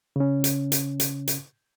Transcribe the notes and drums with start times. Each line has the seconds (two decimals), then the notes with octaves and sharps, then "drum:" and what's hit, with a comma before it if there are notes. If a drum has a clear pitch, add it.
0.16 C#3 C#4
0.44 drum: hi-hat
0.72 drum: hi-hat
1.00 drum: hi-hat
1.28 drum: hi-hat